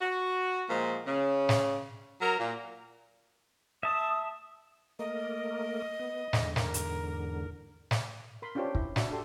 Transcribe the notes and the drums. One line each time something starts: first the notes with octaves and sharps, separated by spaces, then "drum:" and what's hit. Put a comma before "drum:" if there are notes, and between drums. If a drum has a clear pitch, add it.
F#4
A#2 F3 G#3
C#3
drum: snare
F#3 A#4
A#2
E5 A5 D#6
A3 A#3 A#4 D#5
B3
E2 G#2 D3, drum: snare
A#4, drum: snare
drum: hi-hat
drum: snare
A#4 B5 C6
C#4 D4 F4 G4 C5 C#5
E4, drum: kick
D4 F#4 E5, drum: snare
D4 F#4 G4 A4 C6